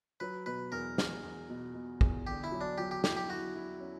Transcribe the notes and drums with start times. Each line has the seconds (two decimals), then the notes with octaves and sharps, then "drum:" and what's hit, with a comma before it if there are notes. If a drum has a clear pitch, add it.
0.20 F#3 B4
0.46 B2 B4
0.72 E2 A#4
0.98 E2, drum: snare
1.23 E2
1.50 B2
1.74 B2
2.01 E2, drum: kick
2.27 D3 G4
2.44 E4
2.52 F#3
2.61 D4
2.78 F#3 G4
2.91 G4
3.04 E4 G4, drum: snare
3.17 G4
3.29 E4 F#4
3.56 E4
3.81 C#4